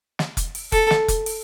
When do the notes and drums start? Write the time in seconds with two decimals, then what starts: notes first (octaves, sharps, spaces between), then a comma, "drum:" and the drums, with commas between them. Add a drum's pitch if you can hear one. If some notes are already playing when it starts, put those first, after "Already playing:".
0.19 drum: snare
0.37 drum: kick F1, hi-hat
0.55 drum: open hi-hat
0.72 A4, drum: kick F1, open hi-hat
0.90 drum: snare
1.08 drum: kick F1, hi-hat
1.26 drum: open hi-hat